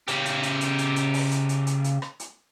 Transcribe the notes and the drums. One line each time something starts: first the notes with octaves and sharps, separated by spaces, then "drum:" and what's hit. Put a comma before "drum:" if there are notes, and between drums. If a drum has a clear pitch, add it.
C#3 G4, drum: hi-hat
drum: hi-hat
drum: hi-hat
drum: hi-hat
drum: hi-hat
drum: hi-hat
drum: open hi-hat
drum: hi-hat
drum: hi-hat
drum: hi-hat
drum: hi-hat
drum: rim click
drum: hi-hat